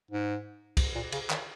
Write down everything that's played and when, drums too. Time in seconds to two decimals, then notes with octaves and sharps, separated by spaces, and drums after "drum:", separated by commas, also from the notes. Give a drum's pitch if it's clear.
0.11 G#2
0.77 drum: kick, cymbal
0.95 A#2
1.12 C#3, drum: cymbal
1.30 D#3, drum: clap